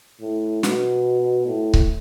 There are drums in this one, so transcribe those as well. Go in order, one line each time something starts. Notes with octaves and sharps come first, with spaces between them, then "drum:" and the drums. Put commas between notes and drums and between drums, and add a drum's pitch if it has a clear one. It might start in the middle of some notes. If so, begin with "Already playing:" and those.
A2
B2, drum: snare
A2
drum: kick C#1